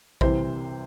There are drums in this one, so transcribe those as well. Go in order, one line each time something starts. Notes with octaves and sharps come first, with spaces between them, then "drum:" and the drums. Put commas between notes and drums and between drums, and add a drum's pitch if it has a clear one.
C2 C3 E3 C5, drum: kick A#1